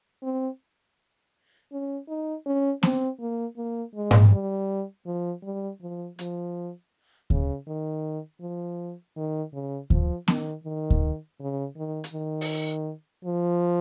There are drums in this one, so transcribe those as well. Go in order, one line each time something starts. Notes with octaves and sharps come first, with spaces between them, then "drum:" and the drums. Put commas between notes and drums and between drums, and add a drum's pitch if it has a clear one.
C4
C#4
D#4
C#4
C4, drum: snare B3
A#3
A#3
G#3
drum: tom G#2
G3
F3
G3
F3
F3, drum: hi-hat
C#3, drum: kick D2
D#3
F3
D#3
C#3
F3, drum: kick D2
D#3, drum: snare B3
D#3
drum: kick D2
C#3
D#3
drum: hi-hat
D#3
drum: open hi-hat
F3